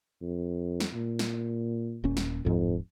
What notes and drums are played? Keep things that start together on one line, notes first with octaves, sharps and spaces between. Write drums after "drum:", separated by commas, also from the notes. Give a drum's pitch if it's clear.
F2
drum: snare
A#2
drum: snare
D#1 A#2 C#4
drum: snare
D1 F2 G#2 F3